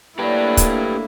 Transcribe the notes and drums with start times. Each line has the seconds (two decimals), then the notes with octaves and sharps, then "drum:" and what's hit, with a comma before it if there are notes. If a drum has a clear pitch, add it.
0.19 A2 D3 A#3 E4 G4 B4
0.57 drum: kick, hi-hat